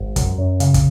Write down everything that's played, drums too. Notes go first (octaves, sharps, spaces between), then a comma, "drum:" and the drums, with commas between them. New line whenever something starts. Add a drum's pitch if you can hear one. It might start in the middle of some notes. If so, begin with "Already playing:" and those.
Already playing: G#1
F#2, drum: kick, hi-hat
F#2
C#3, drum: hi-hat
drum: kick, hi-hat